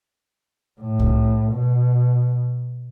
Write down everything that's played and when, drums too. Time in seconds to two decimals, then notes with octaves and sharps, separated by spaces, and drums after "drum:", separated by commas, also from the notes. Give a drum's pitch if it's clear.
0.81 A2
0.99 drum: kick C2
1.53 B2